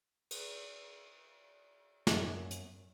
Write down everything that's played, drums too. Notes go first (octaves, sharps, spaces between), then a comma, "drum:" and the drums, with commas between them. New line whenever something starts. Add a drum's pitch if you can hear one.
drum: cymbal
F#2 A#3, drum: snare
drum: hi-hat